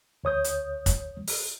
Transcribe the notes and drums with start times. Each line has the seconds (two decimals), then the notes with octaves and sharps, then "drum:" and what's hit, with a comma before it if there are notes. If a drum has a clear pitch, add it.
0.24 D2 C#5 D#6 G6
0.44 drum: hi-hat
0.86 drum: kick, hi-hat
1.28 drum: open hi-hat